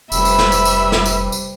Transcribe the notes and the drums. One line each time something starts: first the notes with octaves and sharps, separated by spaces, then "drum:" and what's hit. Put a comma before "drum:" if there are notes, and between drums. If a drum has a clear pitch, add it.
F1 C3 G3 B4 E5 B5 E6, drum: tambourine
drum: tambourine
drum: snare
drum: tambourine
drum: tambourine
drum: snare
drum: tambourine
drum: tambourine